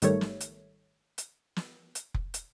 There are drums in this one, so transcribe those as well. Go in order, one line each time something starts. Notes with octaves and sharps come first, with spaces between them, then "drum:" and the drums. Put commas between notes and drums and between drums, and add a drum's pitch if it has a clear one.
G#1 D#3 G3 A3 C#5, drum: hi-hat
drum: snare
drum: hi-hat
drum: hi-hat
drum: snare
drum: hi-hat
drum: kick F1
drum: hi-hat